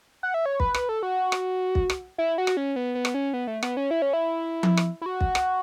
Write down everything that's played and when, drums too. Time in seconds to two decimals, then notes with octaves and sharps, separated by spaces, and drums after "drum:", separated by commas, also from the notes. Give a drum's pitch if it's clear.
0.23 F#5
0.34 E5
0.46 C#5
0.60 B4, drum: kick
0.74 B4, drum: rim click
0.89 A4
1.03 F#4
1.32 drum: rim click
1.75 drum: kick
1.90 drum: rim click
2.18 E4
2.38 F#4
2.47 drum: rim click
2.57 C#4
2.76 B3
2.95 B3
3.05 drum: rim click
3.14 C#4
3.33 B3
3.47 A3
3.63 B3, drum: rim click
3.77 C#4
3.91 E4
4.02 C#4
4.13 E4
4.63 drum: tom F3
4.77 drum: rim click
5.02 E4
5.06 F#4
5.21 drum: kick
5.35 drum: rim click